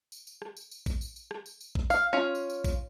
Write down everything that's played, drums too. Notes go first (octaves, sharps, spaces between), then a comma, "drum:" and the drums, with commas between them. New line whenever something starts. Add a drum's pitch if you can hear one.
drum: tambourine
drum: tambourine
drum: rim click
drum: tambourine
drum: tambourine
drum: kick A1, tambourine
drum: tambourine
drum: tambourine
drum: rim click
drum: tambourine
drum: tambourine
drum: kick A1
F5, drum: tambourine
C#4 F4
drum: tambourine
drum: tambourine
drum: kick A1, tambourine